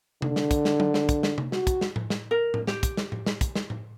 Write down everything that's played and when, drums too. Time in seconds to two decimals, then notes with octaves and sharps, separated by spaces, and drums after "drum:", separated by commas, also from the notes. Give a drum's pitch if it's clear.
0.22 D3, drum: tom C3
0.36 drum: snare
0.51 drum: kick, hi-hat
0.65 drum: snare
0.80 drum: tom F#3
0.94 drum: snare
1.09 drum: kick, hi-hat
1.23 drum: snare
1.38 drum: tom C3
1.52 F#4, drum: snare
1.67 drum: kick, hi-hat
1.81 drum: snare
1.96 drum: tom A2
2.10 drum: snare
2.31 A#4
2.54 drum: tom A2
2.67 G4, drum: snare
2.83 drum: kick, hi-hat
2.97 drum: snare
3.12 drum: tom A2
3.26 drum: snare
3.41 drum: kick, hi-hat
3.56 drum: snare
3.70 drum: tom A2